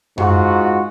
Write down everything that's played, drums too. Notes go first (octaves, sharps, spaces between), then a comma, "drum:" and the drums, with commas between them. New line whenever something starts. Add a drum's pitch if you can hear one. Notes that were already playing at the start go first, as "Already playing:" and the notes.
G#2 F4 F#4, drum: tom F#2